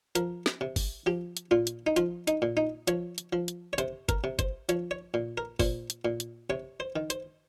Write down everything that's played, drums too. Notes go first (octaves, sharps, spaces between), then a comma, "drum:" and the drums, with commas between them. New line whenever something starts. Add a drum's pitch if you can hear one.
F3 A#4, drum: hi-hat
drum: snare
C3
drum: kick, open hi-hat
F3 G4
drum: hi-hat
A#2 F4
drum: hi-hat
D#4
F3 F4, drum: hi-hat
D#4, drum: hi-hat
A#2
D#4
F3 C#5, drum: hi-hat
drum: hi-hat
F3
drum: hi-hat
C#5
C3 C5, drum: hi-hat
A#4, drum: kick, hi-hat
C3
C5, drum: kick, hi-hat
F3 C#5, drum: hi-hat
C#5
A#2
A#4
A#2 C5, drum: kick, open hi-hat
drum: hi-hat
A#2
drum: hi-hat
C3 C#5
C5
D#3
C5, drum: hi-hat